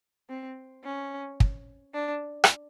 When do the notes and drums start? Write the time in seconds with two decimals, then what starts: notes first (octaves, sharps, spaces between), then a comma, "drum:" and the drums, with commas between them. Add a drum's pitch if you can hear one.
0.29 C4
0.84 C#4
1.40 drum: kick
1.94 D4
2.44 drum: rim click